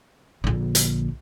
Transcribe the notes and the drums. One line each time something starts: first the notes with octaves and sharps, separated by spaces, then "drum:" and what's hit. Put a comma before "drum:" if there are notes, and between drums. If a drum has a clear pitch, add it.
A#1 D3
drum: hi-hat